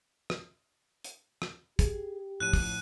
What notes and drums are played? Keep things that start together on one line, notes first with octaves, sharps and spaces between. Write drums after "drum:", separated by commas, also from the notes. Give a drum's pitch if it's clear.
drum: rim click
drum: hi-hat
drum: rim click
G4 G#4, drum: kick, hi-hat
A2 F3 C#4 F#6 D#7
drum: kick, open hi-hat